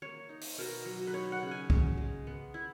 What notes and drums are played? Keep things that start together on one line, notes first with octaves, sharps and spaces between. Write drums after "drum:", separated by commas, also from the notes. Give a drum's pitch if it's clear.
A#3 C#5
D#4
drum: open hi-hat
B2 A#4
F#3
B4
D#4 C#5
F#5
C#3
G#5
C#3, drum: kick C2
G#3
B3
E4